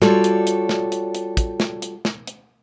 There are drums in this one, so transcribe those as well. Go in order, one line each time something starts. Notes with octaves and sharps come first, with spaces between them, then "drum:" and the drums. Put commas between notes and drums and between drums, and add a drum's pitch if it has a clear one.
G3 F4 F#4 A4 C#5 D5, drum: snare
drum: hi-hat
drum: hi-hat
drum: snare
drum: hi-hat
drum: hi-hat
drum: kick, hi-hat
drum: snare
drum: hi-hat
drum: snare
drum: hi-hat